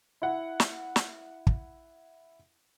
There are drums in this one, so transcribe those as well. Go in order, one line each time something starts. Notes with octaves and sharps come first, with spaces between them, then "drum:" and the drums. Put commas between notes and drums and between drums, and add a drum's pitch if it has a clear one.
E4 F#5
drum: snare
drum: snare
drum: kick